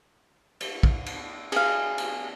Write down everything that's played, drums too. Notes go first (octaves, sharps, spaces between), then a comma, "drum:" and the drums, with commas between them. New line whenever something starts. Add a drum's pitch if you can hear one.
drum: cymbal
drum: kick
drum: cymbal
G#4 F5, drum: cymbal
drum: cymbal